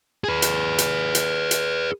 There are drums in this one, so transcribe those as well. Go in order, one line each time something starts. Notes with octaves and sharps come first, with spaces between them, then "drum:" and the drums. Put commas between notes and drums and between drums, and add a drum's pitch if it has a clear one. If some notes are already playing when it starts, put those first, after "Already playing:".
G#4 B4
drum: hi-hat
drum: hi-hat
drum: hi-hat
drum: hi-hat